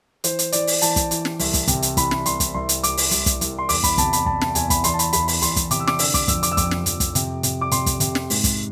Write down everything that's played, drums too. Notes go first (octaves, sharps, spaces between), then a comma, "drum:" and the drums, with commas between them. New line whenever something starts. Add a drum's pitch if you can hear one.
E3 C5, drum: hi-hat
drum: hi-hat
E3 D5, drum: hi-hat
drum: open hi-hat
E3 A5, drum: hi-hat
drum: kick, hi-hat
E3, drum: hi-hat
drum: snare
C2, drum: open hi-hat
drum: kick, hi-hat
C3, drum: kick, hi-hat
drum: hi-hat
E3 B5, drum: kick, hi-hat
drum: snare
C2 C6, drum: hi-hat
drum: kick, hi-hat
C2 C6
drum: hi-hat
C2 D6, drum: hi-hat
drum: open hi-hat
C2, drum: hi-hat
drum: kick, hi-hat
C2, drum: hi-hat
C6
E2 D6, drum: open hi-hat
B5, drum: kick, hi-hat
C3 A5, drum: kick, hi-hat
B5, drum: hi-hat
C3 A5, drum: kick
A5, drum: snare
E2 G#5, drum: hi-hat
B5, drum: kick, hi-hat
E2 C6, drum: hi-hat
A5
B5, drum: hi-hat
E2 B5, drum: hi-hat
B5, drum: open hi-hat
E2 C6, drum: hi-hat
drum: kick, hi-hat
C3 D6, drum: hi-hat
E6
D6, drum: snare
D3 E6, drum: open hi-hat
D6, drum: kick, hi-hat
F2 E6, drum: kick, hi-hat
D6, drum: hi-hat
E6
F2 D6, drum: kick, hi-hat
drum: snare
F2, drum: hi-hat
drum: kick, hi-hat
C3, drum: hi-hat
C3, drum: hi-hat
D6
C3 C6, drum: hi-hat
drum: kick, hi-hat
C3, drum: hi-hat
drum: snare
G#2, drum: open hi-hat
drum: kick, hi-hat